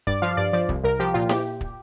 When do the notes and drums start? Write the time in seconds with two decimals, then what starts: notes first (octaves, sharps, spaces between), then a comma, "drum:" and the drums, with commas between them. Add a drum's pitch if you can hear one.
0.07 G2 D5, drum: kick
0.22 F3 F5
0.37 G2 D5
0.53 F3 D5
0.69 C2, drum: kick
0.84 C2 A#4
1.00 F3 G4
1.14 A#2 F4
1.29 G4, drum: snare E4
1.61 drum: kick